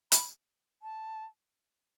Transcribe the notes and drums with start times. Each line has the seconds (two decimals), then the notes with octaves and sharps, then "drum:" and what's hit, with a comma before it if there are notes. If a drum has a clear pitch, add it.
0.12 B5, drum: hi-hat
0.82 A5